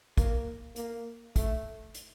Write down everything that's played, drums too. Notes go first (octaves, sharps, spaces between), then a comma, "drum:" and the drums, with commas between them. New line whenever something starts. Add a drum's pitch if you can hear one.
A#3, drum: kick, hi-hat
A#3, drum: hi-hat
A3, drum: kick, hi-hat
drum: hi-hat